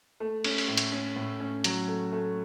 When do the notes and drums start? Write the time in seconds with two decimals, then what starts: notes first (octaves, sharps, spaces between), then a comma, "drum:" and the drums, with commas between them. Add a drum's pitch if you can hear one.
0.20 A3
0.44 C#4, drum: cymbal
0.58 drum: open hi-hat
0.68 A2
0.77 drum: hi-hat
0.92 C#4
1.16 A2
1.40 C#4
1.64 F#3, drum: hi-hat
1.88 A3
2.12 A3